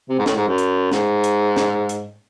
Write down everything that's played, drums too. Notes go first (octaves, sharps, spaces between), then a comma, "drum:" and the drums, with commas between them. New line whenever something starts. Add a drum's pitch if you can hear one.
C3
G#2
A2, drum: snare
G#2
F#2
drum: hi-hat
G#2, drum: snare
drum: hi-hat
drum: snare
drum: hi-hat